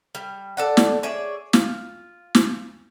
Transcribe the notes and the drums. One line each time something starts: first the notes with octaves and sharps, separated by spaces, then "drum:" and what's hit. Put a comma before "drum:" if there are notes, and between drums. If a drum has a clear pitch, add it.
G3
A4 D5 F#5
drum: snare
G#4 C#5 D5 E5
F4, drum: snare
drum: snare